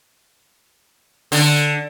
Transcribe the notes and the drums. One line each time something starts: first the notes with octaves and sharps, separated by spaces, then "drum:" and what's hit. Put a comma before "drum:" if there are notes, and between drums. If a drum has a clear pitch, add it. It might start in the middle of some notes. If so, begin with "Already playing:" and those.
D3, drum: open hi-hat